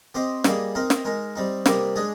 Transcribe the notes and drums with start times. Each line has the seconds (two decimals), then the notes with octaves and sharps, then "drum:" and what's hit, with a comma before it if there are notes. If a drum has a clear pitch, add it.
0.14 C4 G4 C5 D#5
0.44 G3 A#3 D#4 G#4, drum: snare
0.75 C4 D#4 A#4 D#5
0.90 drum: snare
1.05 G#3 D#4 A#4
1.36 G3 C4 D#4
1.66 C3 G3 A#3 D#4 G4, drum: snare
1.96 G#3 D4 G#4 D#5